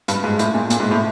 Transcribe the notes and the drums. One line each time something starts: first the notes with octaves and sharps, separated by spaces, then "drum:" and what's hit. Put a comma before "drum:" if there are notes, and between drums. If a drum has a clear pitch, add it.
G2, drum: hi-hat
G#2
A2, drum: hi-hat
A#2
A#2, drum: hi-hat
G#2
A2